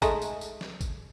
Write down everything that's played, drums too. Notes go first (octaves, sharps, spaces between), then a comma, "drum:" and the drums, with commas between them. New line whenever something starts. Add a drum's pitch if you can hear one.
G#3 A3 D#4, drum: kick, tambourine
drum: tambourine
drum: tambourine
drum: snare
drum: kick, tambourine